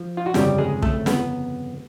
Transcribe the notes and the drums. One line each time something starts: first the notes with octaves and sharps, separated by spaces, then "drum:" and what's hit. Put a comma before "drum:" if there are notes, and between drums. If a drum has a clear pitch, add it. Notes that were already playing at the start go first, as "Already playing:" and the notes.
Already playing: F3
F4
F#4
G1 F2 C#3 G3 G4, drum: snare
G#3 G#4
A3 A4, drum: kick
B3 B4, drum: snare